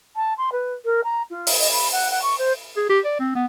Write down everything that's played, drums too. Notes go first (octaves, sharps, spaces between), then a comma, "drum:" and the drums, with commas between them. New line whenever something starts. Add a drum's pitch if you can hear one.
A5
C6
B4
A#4
A#5
F4
drum: open hi-hat
D#5
B5
F#5
F#5
C#6
C5
G#4
G4
D5
C4
B3